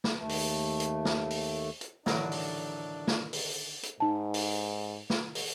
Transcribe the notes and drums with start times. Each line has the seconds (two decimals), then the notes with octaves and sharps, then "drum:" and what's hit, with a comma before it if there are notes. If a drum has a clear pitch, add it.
0.04 drum: snare
0.16 D#2 A3
0.29 drum: open hi-hat
0.80 drum: hi-hat
1.05 drum: snare
1.30 drum: open hi-hat
1.81 drum: hi-hat
2.06 A1 D3 D#3 F#3 D4 A#4 B5, drum: snare
2.32 drum: open hi-hat
3.07 drum: snare
3.33 drum: open hi-hat
3.83 drum: hi-hat
4.00 G#2 D#4 A5
4.34 drum: open hi-hat
5.10 drum: snare
5.35 drum: open hi-hat